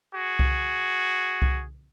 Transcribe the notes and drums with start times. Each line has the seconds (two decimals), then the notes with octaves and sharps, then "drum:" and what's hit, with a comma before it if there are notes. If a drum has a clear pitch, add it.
0.14 F#4 G#4
0.39 drum: kick C2
1.42 drum: kick C2